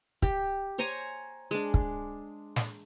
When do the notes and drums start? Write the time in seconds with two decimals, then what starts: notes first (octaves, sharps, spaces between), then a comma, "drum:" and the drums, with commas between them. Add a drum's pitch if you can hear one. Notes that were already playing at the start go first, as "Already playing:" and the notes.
0.22 G4, drum: kick
0.78 C5 C#5 G#5 A#5
1.51 G#3 D4
1.74 drum: kick
2.56 drum: snare